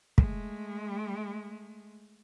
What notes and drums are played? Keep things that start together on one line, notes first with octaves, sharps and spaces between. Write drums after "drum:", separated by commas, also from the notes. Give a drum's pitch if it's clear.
G#3 A3, drum: kick